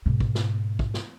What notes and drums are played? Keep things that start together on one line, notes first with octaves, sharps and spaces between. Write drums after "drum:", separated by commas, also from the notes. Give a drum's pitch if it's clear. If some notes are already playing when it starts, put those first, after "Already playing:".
G#2 B2
drum: kick
drum: snare
drum: kick
drum: snare